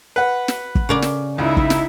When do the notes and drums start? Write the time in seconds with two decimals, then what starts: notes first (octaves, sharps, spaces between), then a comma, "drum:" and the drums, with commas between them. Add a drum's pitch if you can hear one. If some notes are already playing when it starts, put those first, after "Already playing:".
0.16 B4 F#5
0.48 drum: snare
0.75 drum: kick
0.89 C#3 A#4 D5
1.02 drum: snare
1.38 C#2 D#4 E4
1.57 drum: kick
1.70 drum: snare